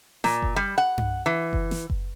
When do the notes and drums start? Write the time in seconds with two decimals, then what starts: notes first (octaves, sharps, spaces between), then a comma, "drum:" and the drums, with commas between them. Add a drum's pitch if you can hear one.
0.24 A#2, drum: snare
0.42 drum: kick F#1
0.56 G3
0.78 F#5
0.98 drum: tom G2
1.26 E3
1.53 drum: kick F#1
1.71 drum: snare
1.90 drum: kick F#1